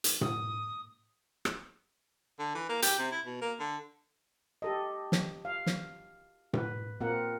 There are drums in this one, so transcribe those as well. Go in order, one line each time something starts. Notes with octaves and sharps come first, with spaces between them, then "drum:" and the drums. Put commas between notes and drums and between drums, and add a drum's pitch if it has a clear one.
drum: hi-hat
D#6, drum: tom A2
drum: rim click
D3
E3
A#3
G4, drum: hi-hat
C3
E4
B2
A#3
D3
G4 A4 D#5
drum: snare
F5
drum: snare
B4, drum: tom A2
A#2 A#3 C4 A#4 F#5